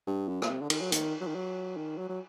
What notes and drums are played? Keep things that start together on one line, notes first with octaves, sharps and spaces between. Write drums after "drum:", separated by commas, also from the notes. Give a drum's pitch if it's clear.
G2
F#2
A#2, drum: rim click
C3
D3
D#3, drum: cymbal
F#3
D#3, drum: hi-hat
F#3
D#3
F#3
D#3
F#3
F#3